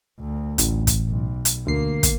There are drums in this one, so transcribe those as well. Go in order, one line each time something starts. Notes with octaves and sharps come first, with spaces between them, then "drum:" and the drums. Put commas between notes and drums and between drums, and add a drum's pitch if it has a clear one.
D2
A1, drum: hi-hat
drum: kick, hi-hat
B1
drum: hi-hat
D2 A#3 C7
drum: kick, hi-hat